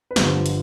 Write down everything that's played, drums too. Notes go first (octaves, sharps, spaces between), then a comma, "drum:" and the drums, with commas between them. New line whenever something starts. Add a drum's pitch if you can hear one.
B4
G1 G2 D3 F3 C5, drum: snare
drum: hi-hat